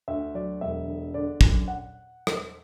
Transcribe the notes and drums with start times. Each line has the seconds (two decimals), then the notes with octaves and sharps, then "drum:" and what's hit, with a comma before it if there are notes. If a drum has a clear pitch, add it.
0.08 D2 E5
0.35 F#3 D5
0.61 E1 E5
0.88 D3
1.14 D3 D5
1.41 F#2, drum: kick
1.68 F#5
2.27 drum: rim click